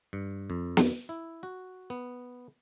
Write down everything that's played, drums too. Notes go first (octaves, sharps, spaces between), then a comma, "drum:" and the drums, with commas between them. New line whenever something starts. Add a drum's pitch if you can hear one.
G2
F2
drum: snare
E4
F#4
B3